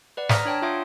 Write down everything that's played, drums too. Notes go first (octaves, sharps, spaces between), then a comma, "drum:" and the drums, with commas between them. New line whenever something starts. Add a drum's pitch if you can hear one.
B4 D5 F#5
A#5 D#6 F6 A#6 B6, drum: snare
D4 C#5 G5 A5
F4 E5 F#5 C6 D#6